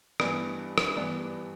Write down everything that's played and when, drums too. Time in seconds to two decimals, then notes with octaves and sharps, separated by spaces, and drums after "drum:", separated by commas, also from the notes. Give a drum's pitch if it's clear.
0.20 G2 E3 B3 D4 B4, drum: rim click
0.78 drum: rim click
0.96 G2 E3 B3 D4